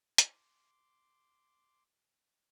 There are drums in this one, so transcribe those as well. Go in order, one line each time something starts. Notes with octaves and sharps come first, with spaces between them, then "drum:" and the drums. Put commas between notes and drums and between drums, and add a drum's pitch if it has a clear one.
C6 D6, drum: hi-hat